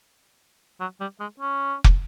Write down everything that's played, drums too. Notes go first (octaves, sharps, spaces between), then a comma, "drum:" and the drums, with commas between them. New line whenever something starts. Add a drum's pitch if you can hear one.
F#3
G3
G#3
C#4
drum: kick